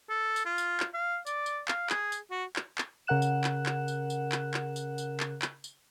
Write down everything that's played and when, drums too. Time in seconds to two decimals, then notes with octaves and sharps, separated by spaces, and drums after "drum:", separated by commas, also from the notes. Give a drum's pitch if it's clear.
0.09 A4
0.36 drum: tambourine
0.45 F4
0.58 drum: tambourine
0.80 drum: clap
0.94 F5
1.26 D5, drum: tambourine
1.46 drum: tambourine
1.68 F5, drum: clap
1.90 G#4, drum: clap
2.12 drum: tambourine
2.31 F#4
2.56 drum: clap
2.78 drum: clap
3.07 C#3 A#4 F#5 F#6 E7
3.22 drum: tambourine
3.44 drum: clap
3.66 drum: clap
3.88 drum: tambourine
4.10 drum: tambourine
4.32 drum: clap
4.54 drum: clap
4.76 drum: tambourine
4.98 drum: tambourine
5.20 drum: clap
5.42 drum: clap
5.64 drum: tambourine